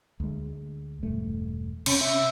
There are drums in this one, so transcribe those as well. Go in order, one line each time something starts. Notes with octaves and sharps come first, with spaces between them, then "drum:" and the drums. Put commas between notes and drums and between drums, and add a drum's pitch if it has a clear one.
D2 G#3
E1 G2 A3
C3 C#4, drum: cymbal
E5